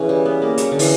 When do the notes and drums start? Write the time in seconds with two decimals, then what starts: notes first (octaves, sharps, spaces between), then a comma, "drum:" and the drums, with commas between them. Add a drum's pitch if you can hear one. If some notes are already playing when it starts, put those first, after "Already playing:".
Already playing: C#3 E3
0.09 G3
0.25 B3
0.42 A#3
0.58 F#3, drum: hi-hat
0.72 D3
0.79 E3, drum: open hi-hat